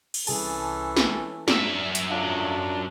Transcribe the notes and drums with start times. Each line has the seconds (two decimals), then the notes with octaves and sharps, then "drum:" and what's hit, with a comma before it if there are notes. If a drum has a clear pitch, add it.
0.14 drum: cymbal
0.27 C2 E3 C#4 G#4 A4 A5, drum: cymbal
0.97 drum: snare
1.48 F#2 D4 E5, drum: snare
1.95 drum: hi-hat
2.10 D3 F#3 A3 D4 F4